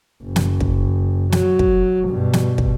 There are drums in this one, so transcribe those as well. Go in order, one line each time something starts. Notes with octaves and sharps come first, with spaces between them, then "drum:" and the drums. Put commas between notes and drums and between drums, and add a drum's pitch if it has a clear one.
F#1
drum: snare
drum: kick
F#3, drum: snare
drum: kick
G2 B2
drum: snare
drum: kick